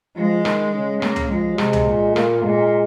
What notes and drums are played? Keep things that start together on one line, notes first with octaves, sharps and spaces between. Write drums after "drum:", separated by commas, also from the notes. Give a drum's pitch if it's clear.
F3 G#3
D#3, drum: rim click
C#3
A#3, drum: rim click
drum: tom
F3 G#3
C3 G#3, drum: rim click
drum: tom
A#2
A#3, drum: rim click
A#2 G#3